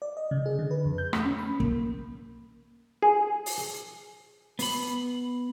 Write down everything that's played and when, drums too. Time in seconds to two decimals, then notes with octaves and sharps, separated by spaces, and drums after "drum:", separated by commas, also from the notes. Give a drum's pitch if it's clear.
0.02 D5
0.17 D#5
0.31 C#3
0.46 G#4
0.59 D3
0.71 B4
0.85 F2
0.98 G6
1.13 A3, drum: rim click
1.25 C#4
1.39 B5
1.60 A#3, drum: kick
3.02 G#4
3.46 drum: open hi-hat
4.59 B3 B5, drum: open hi-hat